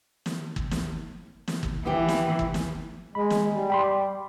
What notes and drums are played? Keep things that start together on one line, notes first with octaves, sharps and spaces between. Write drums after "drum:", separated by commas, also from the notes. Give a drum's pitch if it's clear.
drum: snare
drum: kick G1
drum: snare
drum: snare
drum: kick G1
E3 B3 G4
drum: snare
drum: kick G1
drum: snare
G#3 B5
drum: snare
G3
G5 B5 C6
D6